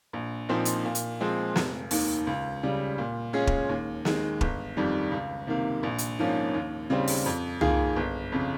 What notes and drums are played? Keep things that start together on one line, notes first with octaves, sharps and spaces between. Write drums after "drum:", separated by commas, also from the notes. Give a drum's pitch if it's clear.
A#1
A#2 F3 C4 D#4
drum: hi-hat
A#2
drum: hi-hat
F3 G#3 C4
F1, drum: snare
D#2 D#3, drum: open hi-hat
C#2
C#3 G3
A#2
G#3 C#4 F4 G#4
drum: kick
D#2
D#3 G#3, drum: snare
G1, drum: kick
F2 D#3 G3
C#2
C3 D#3 A#3
A#1
drum: hi-hat
G#2 F3 A#3 C#4
D#2
C#3 G3 C4
drum: open hi-hat
F2
D#3 A#3 F4 G#4, drum: tom C2
G1
F2 C#3